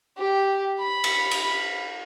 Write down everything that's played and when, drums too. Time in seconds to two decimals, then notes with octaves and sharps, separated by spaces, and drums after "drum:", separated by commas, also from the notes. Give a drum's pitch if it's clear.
0.18 G4
0.80 B5
1.04 drum: cymbal
1.31 drum: cymbal